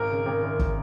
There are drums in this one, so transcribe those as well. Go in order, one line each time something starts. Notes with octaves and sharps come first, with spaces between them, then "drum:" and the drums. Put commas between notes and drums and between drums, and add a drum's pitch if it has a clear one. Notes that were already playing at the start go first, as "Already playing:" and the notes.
Already playing: G#1 A#4
C#3
G#1
F#2
drum: kick